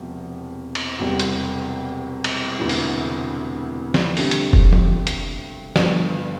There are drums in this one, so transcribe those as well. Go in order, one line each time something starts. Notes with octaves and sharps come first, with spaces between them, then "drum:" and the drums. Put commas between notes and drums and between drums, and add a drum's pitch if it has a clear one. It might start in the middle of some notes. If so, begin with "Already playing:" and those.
Already playing: E1 E2 C3 F3
drum: cymbal
E1 E2 C3 G3
drum: hi-hat
drum: cymbal
E1 D2 C3 E3
drum: open hi-hat
drum: snare
G2 D3 A3 C4 G4, drum: open hi-hat
drum: hi-hat
drum: kick F1
drum: tom
drum: hi-hat
G1 G2 F3, drum: snare